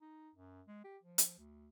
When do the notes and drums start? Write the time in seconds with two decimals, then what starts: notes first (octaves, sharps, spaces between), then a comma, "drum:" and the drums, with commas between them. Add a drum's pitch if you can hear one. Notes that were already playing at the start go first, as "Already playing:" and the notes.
0.01 D#4
0.35 F#2
0.67 G#3
0.84 G4
1.03 F3
1.18 drum: hi-hat
1.38 D2